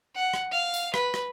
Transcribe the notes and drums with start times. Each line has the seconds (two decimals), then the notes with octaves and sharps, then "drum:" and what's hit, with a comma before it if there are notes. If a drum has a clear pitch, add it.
0.15 F#5
0.34 drum: rim click
0.52 F5
0.74 drum: tambourine
0.94 B4, drum: rim click
1.14 drum: rim click